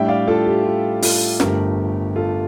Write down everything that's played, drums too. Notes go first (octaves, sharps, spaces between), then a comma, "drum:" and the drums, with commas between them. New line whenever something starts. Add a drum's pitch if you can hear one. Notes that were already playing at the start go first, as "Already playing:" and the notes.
Already playing: A2 G3 D4 E5 G5
D5 F5
F4 A4
G4
F4
F4 A4, drum: open hi-hat
G1 G2 D3 F3 A3 G4 A#4, drum: snare
F4 A4